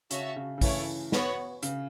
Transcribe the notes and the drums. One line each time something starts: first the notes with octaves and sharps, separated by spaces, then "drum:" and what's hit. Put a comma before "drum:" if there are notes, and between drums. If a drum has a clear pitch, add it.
C#3 F#4 C#5 E5 A5, drum: hi-hat
C#3
C#3
E3 A3 E4 C#5, drum: kick, open hi-hat
B3 F#4 C#5 F#5, drum: snare
C#3, drum: hi-hat